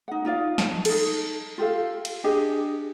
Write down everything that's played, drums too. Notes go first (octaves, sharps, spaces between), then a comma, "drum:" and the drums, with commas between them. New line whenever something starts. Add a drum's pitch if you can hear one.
D#4 F#5
D#4 F4 D5 F5
A5, drum: snare
D#4 A4, drum: cymbal
F4 G4 A4 F5
drum: cymbal
D4 G4 G#4 D#5